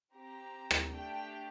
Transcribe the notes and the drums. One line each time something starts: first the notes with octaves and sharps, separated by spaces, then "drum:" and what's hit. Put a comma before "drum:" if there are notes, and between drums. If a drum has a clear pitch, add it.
C4 G4 A#5
drum: rim click
A3 D4 G4 G5